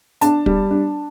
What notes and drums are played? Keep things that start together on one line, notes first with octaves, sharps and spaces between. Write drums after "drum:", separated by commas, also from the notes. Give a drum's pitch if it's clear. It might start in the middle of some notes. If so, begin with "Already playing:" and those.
D4 A5, drum: hi-hat
G3, drum: kick
D4